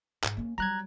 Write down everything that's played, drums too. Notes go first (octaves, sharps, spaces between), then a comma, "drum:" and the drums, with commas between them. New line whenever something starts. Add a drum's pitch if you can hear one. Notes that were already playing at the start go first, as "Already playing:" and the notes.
G#2, drum: clap
A#3 C#4
F#3 G3 A#5 F#6 G#6